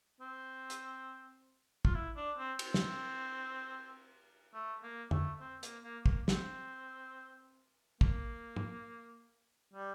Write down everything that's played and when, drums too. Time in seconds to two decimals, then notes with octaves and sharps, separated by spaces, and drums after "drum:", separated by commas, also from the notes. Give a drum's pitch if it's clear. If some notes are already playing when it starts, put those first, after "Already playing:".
0.21 C4
0.70 drum: hi-hat
1.85 F4, drum: kick
1.94 E4
2.16 D4
2.38 C4
2.59 C4, drum: cymbal
2.74 drum: snare
4.54 A3
4.83 A#3
5.11 A3, drum: tom F2
5.40 C4
5.63 A#3, drum: hi-hat
5.84 A#3
6.06 A#3, drum: kick
6.28 C4, drum: snare
8.01 A#3, drum: kick
8.56 drum: tom G#2
9.74 G3